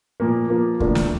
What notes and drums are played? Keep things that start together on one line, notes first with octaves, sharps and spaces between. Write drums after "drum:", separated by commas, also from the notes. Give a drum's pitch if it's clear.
A#2 F3 A#3
F3 A#3 F4
A2 F3 A#3 D4, drum: kick D2
drum: snare